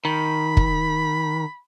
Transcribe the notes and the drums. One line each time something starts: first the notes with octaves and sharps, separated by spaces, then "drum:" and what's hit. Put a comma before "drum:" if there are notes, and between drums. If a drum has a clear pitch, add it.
D#3 B5
drum: kick